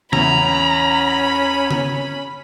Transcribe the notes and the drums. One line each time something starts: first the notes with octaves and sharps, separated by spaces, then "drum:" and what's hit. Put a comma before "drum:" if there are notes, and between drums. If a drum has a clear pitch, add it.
A1 E2 C#4 E5 A#5 B5, drum: tom C#3
drum: tom C#3